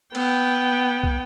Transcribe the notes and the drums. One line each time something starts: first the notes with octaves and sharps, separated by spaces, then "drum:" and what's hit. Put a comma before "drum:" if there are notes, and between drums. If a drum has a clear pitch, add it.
B3 G5, drum: cymbal
drum: kick